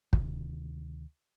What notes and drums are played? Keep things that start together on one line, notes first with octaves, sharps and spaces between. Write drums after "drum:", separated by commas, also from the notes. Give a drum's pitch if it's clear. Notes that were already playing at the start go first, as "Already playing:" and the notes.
D2 C3 D#3, drum: kick